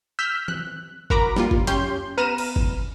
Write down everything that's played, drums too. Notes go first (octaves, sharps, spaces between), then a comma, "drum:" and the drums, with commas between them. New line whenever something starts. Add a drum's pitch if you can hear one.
E6 F6 G6 B6
F#6, drum: tom E3
F#4 A#4 A#5 B5 D6, drum: kick G1
G3 A#3 F4, drum: snare
drum: kick G1
F#2 C#4 G4 C6 G6, drum: hi-hat
B3 B4 A#5 F6 D#7 E7
drum: cymbal
drum: kick G1